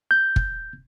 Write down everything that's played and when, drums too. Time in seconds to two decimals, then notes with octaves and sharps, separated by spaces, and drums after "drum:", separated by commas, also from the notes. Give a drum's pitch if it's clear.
0.11 G6
0.36 drum: kick